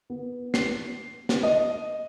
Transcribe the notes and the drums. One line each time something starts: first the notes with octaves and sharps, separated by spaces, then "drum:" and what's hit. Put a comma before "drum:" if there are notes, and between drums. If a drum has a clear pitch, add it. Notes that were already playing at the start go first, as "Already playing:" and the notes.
B3
C7, drum: snare
drum: snare
D#5